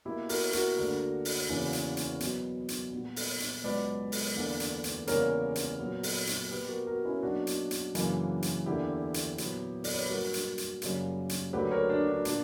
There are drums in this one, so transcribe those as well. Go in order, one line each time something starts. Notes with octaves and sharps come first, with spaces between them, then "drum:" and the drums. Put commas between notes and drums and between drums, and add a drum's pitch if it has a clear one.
B2 A#3 E4 G4
F#4 A#4, drum: open hi-hat
F#4 A#4, drum: hi-hat
D2 D3 A#3
drum: open hi-hat
E2 C#3 E3 A#3
drum: hi-hat
drum: hi-hat
B2 F#3 B3, drum: hi-hat
drum: hi-hat
A#2 G3 B3
drum: open hi-hat
drum: hi-hat
C#2 B2 F#3 B4 D5
drum: open hi-hat
E2 D3 A#3
drum: hi-hat
drum: hi-hat
E2 C#3 G3 A#3 A#4 C#5, drum: hi-hat
drum: hi-hat
A#2 F#3 B3
drum: open hi-hat
drum: hi-hat
B2 A#3 G4 B4
F#4 A#4
F#4 A#4
C#4 E4
B2 F#3 A#3 D4 F#4
drum: hi-hat
drum: hi-hat
F#2 C#3 E3 A#3, drum: hi-hat
drum: hi-hat
E2 D3 A#3 E4 G4
drum: hi-hat
A#2 F#3 B3, drum: hi-hat
D5, drum: open hi-hat
C#5
B4
G2 F#3 A#3 F#4 A#4
drum: hi-hat
drum: hi-hat
F#2 C#3 G3 A#3, drum: hi-hat
drum: hi-hat
D2 D3 F#3 A#3 G4 B4
A#4 C#5
D4
D4
A#2 A#3 D4, drum: hi-hat